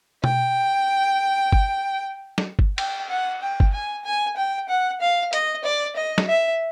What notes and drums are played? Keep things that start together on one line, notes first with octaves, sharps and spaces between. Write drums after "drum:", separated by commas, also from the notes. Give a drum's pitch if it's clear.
G5, drum: tom B2
drum: kick G1
drum: snare
drum: kick G1
G5, drum: cymbal
F#5
G5
drum: kick G1
G#5
G#5
G5
F#5
F5
D#5, drum: hi-hat
D5
D#5
drum: snare
E5